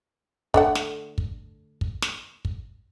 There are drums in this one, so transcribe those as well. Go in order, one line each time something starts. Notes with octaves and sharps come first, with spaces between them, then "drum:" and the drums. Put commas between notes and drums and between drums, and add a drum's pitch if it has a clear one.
D3 A3 F#5, drum: kick
drum: snare
drum: kick
drum: kick
drum: snare
drum: kick